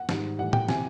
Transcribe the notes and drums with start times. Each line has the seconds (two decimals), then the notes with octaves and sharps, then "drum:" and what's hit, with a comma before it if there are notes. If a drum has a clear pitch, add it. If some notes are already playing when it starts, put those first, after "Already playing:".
Already playing: F#5
0.09 G#2 D#3 G3, drum: snare
0.38 A2 E3 G3 F#5
0.53 G5, drum: tom A2
0.69 C3 E3 G#5, drum: snare